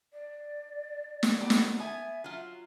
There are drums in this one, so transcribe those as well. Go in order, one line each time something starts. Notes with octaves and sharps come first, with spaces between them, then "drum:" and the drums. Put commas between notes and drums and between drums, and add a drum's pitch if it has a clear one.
D5
drum: snare
F#3 B3 G4
drum: snare
B3 E5 G#5
F#3 F4